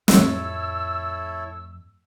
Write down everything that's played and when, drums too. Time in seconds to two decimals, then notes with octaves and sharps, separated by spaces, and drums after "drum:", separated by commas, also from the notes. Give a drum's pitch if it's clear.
0.08 F2 A2 E4 A4 C#5 E6, drum: snare